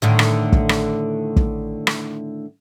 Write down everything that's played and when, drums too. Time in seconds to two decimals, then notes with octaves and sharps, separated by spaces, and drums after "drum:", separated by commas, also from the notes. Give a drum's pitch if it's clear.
0.02 A2 D3 D#3
0.19 drum: rim click
0.52 drum: kick
0.69 drum: rim click
1.36 drum: kick
1.87 drum: rim click